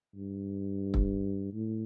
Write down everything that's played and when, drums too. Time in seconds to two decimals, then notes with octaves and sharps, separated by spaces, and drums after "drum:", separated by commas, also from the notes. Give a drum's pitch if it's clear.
0.15 G2
0.94 drum: kick
1.53 A2